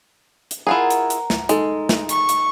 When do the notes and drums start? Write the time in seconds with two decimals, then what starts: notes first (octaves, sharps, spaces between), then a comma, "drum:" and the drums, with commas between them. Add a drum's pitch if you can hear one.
0.51 drum: hi-hat
0.67 E4 F4 G#4 A#4 F#5
0.90 drum: hi-hat
1.10 drum: hi-hat
1.30 drum: snare
1.49 G#3 D#4 A4, drum: hi-hat
1.89 drum: snare
2.09 C#6, drum: hi-hat
2.29 drum: hi-hat